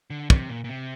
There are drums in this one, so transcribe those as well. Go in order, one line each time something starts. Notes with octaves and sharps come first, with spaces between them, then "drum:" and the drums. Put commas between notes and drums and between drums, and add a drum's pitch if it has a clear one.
D3
C3, drum: kick
A#2
A#2
C3